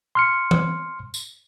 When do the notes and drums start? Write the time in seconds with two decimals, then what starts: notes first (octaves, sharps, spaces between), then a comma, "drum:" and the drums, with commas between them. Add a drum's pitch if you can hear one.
0.15 C6 F6 C#7
0.51 drum: tom E3
1.14 drum: tambourine